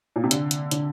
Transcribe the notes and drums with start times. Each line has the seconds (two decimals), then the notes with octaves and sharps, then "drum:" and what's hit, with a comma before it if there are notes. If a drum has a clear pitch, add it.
0.16 A#2
0.24 C3
0.31 D3, drum: hi-hat
0.51 drum: hi-hat
0.71 D3, drum: hi-hat